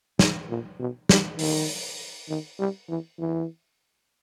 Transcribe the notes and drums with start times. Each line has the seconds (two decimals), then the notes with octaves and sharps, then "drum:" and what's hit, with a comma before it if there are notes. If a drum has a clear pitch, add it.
0.19 G#2, drum: snare
0.49 A#2
0.79 B2
1.09 G3, drum: snare
1.39 D#3, drum: open hi-hat
2.28 D#3
2.59 G3
2.89 E3
3.18 E3